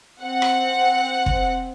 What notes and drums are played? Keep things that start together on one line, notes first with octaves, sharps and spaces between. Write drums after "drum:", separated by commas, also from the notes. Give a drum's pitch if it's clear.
C4 F#5
drum: rim click
drum: kick